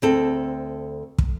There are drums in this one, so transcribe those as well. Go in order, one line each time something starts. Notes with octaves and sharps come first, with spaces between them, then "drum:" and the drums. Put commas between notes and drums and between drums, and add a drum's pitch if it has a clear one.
D2 C4 A4
drum: kick